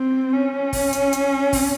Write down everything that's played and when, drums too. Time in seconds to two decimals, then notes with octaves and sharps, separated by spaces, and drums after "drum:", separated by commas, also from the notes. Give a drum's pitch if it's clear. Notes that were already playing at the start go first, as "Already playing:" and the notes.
Already playing: C4
0.32 C#4
0.73 drum: kick, open hi-hat
0.93 drum: hi-hat
1.13 drum: hi-hat
1.53 drum: kick, open hi-hat